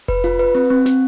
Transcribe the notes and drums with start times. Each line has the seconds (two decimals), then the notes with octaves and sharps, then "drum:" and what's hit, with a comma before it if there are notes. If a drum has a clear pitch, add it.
0.08 B4, drum: kick F1
0.24 F4, drum: hi-hat
0.39 B4
0.55 C4, drum: open hi-hat
0.70 C4
0.86 C4, drum: snare